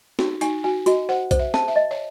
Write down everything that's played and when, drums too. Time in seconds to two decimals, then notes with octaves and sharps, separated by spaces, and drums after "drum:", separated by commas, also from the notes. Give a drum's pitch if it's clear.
0.19 D#4 F#4, drum: snare
0.41 D#4 G#5, drum: hi-hat
0.64 F#4 G#5
0.86 F#4 D#5, drum: hi-hat
1.09 C5 F#5
1.31 C5, drum: kick B1, hi-hat
1.39 E5
1.54 A5, drum: snare
1.68 E5
1.76 D#5
1.91 C#5